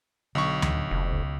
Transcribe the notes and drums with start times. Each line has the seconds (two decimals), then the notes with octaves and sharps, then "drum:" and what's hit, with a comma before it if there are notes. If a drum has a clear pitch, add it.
0.35 B1 D3 C#6
0.62 drum: tom D2
0.91 F1
1.12 C#2